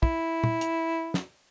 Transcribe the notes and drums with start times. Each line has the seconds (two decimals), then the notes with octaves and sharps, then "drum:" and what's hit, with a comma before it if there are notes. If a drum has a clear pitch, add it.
0.03 E4, drum: kick
0.44 drum: tom
0.61 drum: hi-hat
1.14 drum: snare